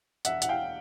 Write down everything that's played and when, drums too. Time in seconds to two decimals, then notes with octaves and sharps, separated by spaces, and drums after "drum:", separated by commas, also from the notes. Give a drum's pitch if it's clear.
0.25 E1 E5 F#5, drum: hi-hat
0.42 F#5, drum: hi-hat
0.49 F5 G5